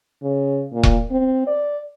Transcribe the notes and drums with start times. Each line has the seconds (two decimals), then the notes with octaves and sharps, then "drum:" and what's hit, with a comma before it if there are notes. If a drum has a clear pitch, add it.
0.22 C#3
0.73 A#2
0.83 drum: kick E1
1.11 C4
1.47 D5